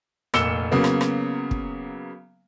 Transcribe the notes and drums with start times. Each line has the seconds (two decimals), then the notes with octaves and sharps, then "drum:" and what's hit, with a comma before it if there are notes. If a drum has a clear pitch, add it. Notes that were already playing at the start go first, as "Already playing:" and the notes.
0.34 F1 A#2 E6 C#7 E7 G7, drum: rim click
0.71 C#3 F#3 A#3 B3
0.84 drum: rim click
1.01 drum: rim click
1.51 drum: kick